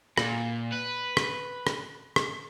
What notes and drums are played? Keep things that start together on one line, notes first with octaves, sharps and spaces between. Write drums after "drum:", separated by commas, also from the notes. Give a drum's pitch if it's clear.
A#2, drum: rim click
B4
drum: rim click
drum: rim click
drum: rim click